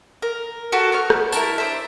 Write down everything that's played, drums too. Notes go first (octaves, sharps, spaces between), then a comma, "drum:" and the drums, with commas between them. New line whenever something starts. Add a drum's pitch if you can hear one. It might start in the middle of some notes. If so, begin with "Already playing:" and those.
A#4
F#4 G4 A4
B3 C#6 F6
drum: rim click
E4 A#4 A5, drum: tambourine
D4 C5 E5